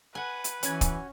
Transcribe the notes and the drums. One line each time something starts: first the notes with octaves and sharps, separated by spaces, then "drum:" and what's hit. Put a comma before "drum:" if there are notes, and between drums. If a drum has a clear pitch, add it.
B4 F#5 G#5
drum: hi-hat
E3 C#4 F#4 G#5, drum: hi-hat
drum: kick, hi-hat